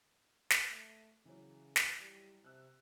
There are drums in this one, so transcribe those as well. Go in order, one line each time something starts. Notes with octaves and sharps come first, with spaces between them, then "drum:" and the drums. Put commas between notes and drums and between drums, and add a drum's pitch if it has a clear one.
drum: snare
A3
C#3 E3 F#3
drum: snare
G3
C3 E6 F#6